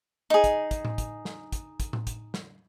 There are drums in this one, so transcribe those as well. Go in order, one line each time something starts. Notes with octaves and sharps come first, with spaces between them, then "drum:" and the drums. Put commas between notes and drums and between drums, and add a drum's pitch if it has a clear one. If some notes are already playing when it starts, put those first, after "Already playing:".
D#4 G#4
drum: kick, hi-hat
drum: kick, hi-hat
drum: tom A2
drum: kick, hi-hat
drum: snare
drum: kick, hi-hat
drum: kick, hi-hat
drum: tom A2
drum: kick, hi-hat
drum: snare